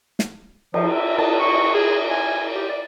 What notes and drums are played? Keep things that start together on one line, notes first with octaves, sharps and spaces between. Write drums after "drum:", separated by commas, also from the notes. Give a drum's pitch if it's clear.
drum: snare
F3, drum: cymbal
E5
A5, drum: cymbal
C#6
G#4
G#5
G4
D5